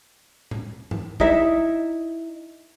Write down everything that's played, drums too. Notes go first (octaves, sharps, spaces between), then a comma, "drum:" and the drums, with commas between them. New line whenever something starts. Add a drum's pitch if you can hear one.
drum: tom A2
drum: tom G2
D#4 E4 E5, drum: kick